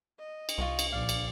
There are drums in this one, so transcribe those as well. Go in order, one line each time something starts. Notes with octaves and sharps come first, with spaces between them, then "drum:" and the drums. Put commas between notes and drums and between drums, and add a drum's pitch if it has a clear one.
D#5
drum: cymbal
C2 F4 F#4 C#6
drum: cymbal
A#1 D5 F5
drum: cymbal